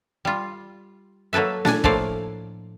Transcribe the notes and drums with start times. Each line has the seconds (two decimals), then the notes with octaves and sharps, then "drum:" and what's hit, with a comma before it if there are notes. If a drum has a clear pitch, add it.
0.25 G3 F4
1.33 F#3 A#3 A4 B4 E5
1.65 D4 G#5, drum: snare
1.84 A2 F3 A3 A#3 D5 F5, drum: kick